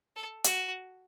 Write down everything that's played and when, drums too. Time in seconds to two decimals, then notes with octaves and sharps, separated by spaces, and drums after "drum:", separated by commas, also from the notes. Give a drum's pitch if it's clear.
0.16 A4
0.44 F#4, drum: hi-hat